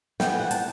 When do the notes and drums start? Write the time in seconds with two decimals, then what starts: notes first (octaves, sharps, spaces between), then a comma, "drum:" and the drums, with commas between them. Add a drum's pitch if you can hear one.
0.20 E3 B3 G5, drum: snare
0.30 G5
0.40 F#5
0.51 A5, drum: hi-hat